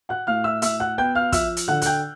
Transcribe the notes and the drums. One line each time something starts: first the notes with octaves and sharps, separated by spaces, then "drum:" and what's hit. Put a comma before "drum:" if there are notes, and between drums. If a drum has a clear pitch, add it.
F#5 F#6
A2 F5 F6
E5 E6
A2 E5 E6, drum: hi-hat
F#5 F#6
B3 G5 G6
F5 F6
F3 E5 E6, drum: kick, hi-hat
drum: hi-hat
D3 F#5 F#6
F#6, drum: hi-hat
G5 G6